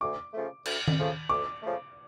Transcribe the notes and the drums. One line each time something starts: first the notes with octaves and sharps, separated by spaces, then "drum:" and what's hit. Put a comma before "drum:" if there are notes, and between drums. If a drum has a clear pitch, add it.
D2 D6
C#3 F3 A3
D2, drum: cymbal
drum: tom D#3
C#3 F3 A3
D2 D6
C#3 F3 A3